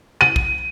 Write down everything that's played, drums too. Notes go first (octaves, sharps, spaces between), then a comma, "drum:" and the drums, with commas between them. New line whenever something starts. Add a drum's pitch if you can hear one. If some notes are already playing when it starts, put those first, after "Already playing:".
D#7
drum: kick A#1